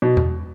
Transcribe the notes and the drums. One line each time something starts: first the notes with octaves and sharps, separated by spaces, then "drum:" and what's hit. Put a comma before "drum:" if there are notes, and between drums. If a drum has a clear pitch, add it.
B2
drum: tom E2